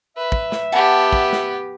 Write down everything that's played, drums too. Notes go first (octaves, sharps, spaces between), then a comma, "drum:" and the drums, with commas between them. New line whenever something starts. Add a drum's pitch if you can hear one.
B4 E5
drum: kick
drum: snare
B3 G4 F#5 G#5 A5
drum: kick
drum: snare